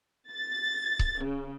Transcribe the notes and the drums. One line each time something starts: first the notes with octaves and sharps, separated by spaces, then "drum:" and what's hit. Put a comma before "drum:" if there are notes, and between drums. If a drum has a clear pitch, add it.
A6
drum: kick C#1
C#3